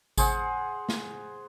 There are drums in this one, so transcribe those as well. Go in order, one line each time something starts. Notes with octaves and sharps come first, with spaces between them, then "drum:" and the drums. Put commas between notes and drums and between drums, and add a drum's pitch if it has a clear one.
G#4 C5 F#5, drum: kick G#1, tambourine
drum: snare